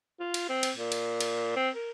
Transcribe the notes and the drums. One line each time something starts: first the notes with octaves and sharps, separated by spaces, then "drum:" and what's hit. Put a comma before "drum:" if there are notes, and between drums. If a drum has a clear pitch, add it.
F4
drum: cymbal
C4
drum: cymbal
A#2
drum: cymbal
drum: cymbal
C4
A#4